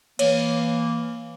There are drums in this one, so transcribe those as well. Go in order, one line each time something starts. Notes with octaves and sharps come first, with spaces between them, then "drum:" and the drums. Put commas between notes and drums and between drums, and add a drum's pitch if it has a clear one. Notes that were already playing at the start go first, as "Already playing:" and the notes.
E3 A#3 C#5, drum: cymbal